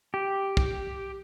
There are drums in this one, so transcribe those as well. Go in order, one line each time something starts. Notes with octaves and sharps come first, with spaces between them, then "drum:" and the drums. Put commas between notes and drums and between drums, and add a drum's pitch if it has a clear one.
G4
drum: kick